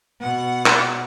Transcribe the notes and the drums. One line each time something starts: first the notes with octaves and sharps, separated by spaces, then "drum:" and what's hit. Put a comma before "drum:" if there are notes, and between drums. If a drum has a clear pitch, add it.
B2 F#5
drum: clap